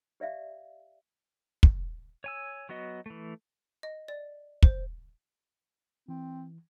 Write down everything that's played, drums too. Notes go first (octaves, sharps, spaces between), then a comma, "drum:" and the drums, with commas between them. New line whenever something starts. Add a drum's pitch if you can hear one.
G4 D5 E5 F5
drum: kick
C#5 G#5 E6
F#3 B3 F#4 D#5
E3 A3
D#5
D5
C5, drum: kick
E3 C4